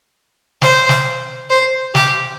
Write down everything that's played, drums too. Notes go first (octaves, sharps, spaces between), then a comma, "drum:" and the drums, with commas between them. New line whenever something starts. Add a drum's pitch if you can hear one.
C5, drum: snare
drum: snare
C5
G4, drum: snare